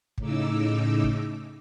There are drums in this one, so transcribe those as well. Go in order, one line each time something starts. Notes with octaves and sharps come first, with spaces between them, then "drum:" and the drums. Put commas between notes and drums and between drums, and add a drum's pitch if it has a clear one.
A2 C#3 D#4 D6 E6, drum: kick
drum: kick